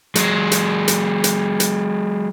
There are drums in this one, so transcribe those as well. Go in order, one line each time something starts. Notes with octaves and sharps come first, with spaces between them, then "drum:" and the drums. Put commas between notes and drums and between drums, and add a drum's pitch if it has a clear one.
F#3 G#3, drum: hi-hat
drum: hi-hat
drum: hi-hat
drum: hi-hat
drum: hi-hat